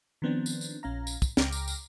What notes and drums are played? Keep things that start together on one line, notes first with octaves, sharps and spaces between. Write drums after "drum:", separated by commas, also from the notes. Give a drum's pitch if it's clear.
D#3 F3 B3 C4 D4
drum: tambourine
drum: tambourine
A#1 C#4 F5 A#5
drum: tambourine
drum: kick, tambourine
C#2 G5 A#5 D6 F6, drum: snare
drum: tambourine
drum: tambourine